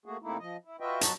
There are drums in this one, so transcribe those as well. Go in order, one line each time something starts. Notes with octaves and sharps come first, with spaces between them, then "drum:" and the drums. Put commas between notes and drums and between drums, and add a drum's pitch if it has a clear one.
A3 A#3 F#4 G#4
C3 A3 A#3 D#4 E4
F3 D#5
E4
F4 F#4 B4 D#5 E5 G5
F#3 D#4 F#4 A5, drum: hi-hat